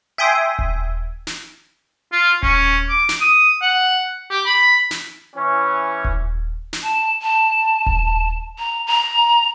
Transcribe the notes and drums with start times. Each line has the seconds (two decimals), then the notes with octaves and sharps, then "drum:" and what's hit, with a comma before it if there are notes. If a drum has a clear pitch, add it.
0.18 E5 G5 G#5 C6 D#6
0.59 drum: kick D#1
1.27 drum: snare
2.12 F4
2.43 C#4, drum: kick D#1
2.89 D6
3.09 drum: snare
3.21 D#6
3.62 F#5
4.31 G4
4.46 B5
4.91 drum: snare
5.36 E3 C#4
6.04 drum: kick D#1
6.73 drum: snare
6.83 A5
7.22 A5
7.86 drum: kick D#1
8.59 A#5
8.87 A#5